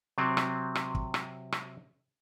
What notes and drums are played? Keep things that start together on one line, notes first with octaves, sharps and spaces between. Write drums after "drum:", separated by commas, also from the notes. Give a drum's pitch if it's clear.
C3 F#3 C4
drum: rim click
drum: rim click
drum: kick
drum: rim click
drum: rim click